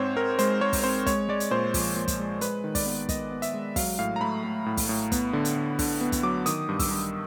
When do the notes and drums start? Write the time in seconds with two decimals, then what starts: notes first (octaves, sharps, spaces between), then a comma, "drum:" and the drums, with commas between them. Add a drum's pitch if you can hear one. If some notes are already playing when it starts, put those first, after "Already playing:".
Already playing: G#2 C4 C5 C#5
0.16 C4 A#4
0.39 G#3 C5, drum: hi-hat
0.61 G#3 C#5
0.73 drum: kick, open hi-hat
0.84 C4 C5
1.06 G#3 C#5, drum: kick, hi-hat
1.29 G#3 D5
1.40 drum: hi-hat
1.51 A#2 C5
1.74 F3, drum: kick, open hi-hat
1.96 A#2
2.08 drum: kick, hi-hat
2.19 G#3
2.41 G#3 B4, drum: hi-hat
2.64 D#3
2.75 D5, drum: kick, open hi-hat
2.86 B3
3.09 D#3 D#5, drum: kick, hi-hat
3.31 B3
3.42 E5, drum: hi-hat
3.54 G#3
3.76 F#3 F5, drum: kick, open hi-hat
3.99 A2 F5
4.16 A#5
4.21 A3 B5
4.44 A3
4.66 A2
4.77 drum: kick, open hi-hat
4.89 A2
5.12 B3, drum: kick, hi-hat
5.33 D3
5.45 drum: hi-hat
5.56 D3
5.79 D3, drum: kick, open hi-hat
6.01 B3
6.12 drum: kick, hi-hat
6.23 F#3 D6
6.46 D#3 D#6, drum: hi-hat
6.69 G2
6.79 E6, drum: kick, open hi-hat
6.91 G2